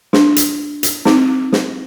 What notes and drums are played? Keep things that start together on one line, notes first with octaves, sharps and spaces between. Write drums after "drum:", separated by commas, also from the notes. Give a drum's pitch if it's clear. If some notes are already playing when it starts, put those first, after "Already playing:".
D4, drum: snare
drum: hi-hat
drum: hi-hat
C4 D#4, drum: snare
drum: snare